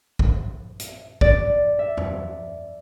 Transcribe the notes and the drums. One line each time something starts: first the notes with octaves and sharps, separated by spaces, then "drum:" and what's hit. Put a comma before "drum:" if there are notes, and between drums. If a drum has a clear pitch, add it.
drum: kick A#1
drum: hi-hat
D5, drum: kick A#1
E5
drum: tom E2